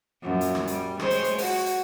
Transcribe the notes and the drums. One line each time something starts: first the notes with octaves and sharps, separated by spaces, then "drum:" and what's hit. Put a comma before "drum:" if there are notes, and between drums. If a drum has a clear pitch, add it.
F#2 A#2
drum: hi-hat
drum: rim click
G3, drum: hi-hat
G#3 C5 C#5, drum: rim click
drum: hi-hat
drum: hi-hat
F#4, drum: open hi-hat
drum: hi-hat